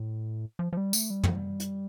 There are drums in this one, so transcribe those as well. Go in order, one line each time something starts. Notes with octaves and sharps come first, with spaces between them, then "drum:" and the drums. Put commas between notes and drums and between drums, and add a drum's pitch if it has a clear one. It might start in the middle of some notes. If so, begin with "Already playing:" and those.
Already playing: A2
F3
F3
G3
A3, drum: tambourine
G3
F3, drum: tom F#2
G3
drum: hi-hat